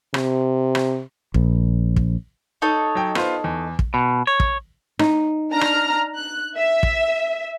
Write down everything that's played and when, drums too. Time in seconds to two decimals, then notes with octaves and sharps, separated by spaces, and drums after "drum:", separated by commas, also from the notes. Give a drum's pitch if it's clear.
0.14 C3, drum: rim click
0.75 drum: rim click
1.34 A#1, drum: kick
1.96 drum: kick
2.62 D#4 A4 C#5
2.95 F#3 G5
3.15 B3 F4 C5, drum: rim click
3.44 E2
3.79 drum: kick
3.94 B2
4.27 C#5
4.40 drum: kick
4.99 D#4, drum: rim click
5.52 D4 A#5 F6
5.61 drum: rim click
6.15 F#6
6.57 E5
6.83 drum: kick